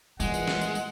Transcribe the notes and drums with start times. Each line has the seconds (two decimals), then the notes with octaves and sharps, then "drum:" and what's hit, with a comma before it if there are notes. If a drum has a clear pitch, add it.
0.20 E2 A#2 E3 G3 G#3 F#5, drum: tambourine
0.34 drum: tambourine
0.48 drum: snare
0.61 drum: tambourine
0.75 drum: tambourine